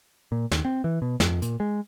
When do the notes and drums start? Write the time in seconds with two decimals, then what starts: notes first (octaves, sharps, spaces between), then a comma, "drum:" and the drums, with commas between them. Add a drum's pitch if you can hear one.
0.32 A#2
0.52 D#2, drum: snare
0.65 C4
0.84 E3
1.02 B2
1.20 F2, drum: snare
1.42 A#2, drum: hi-hat
1.60 G#3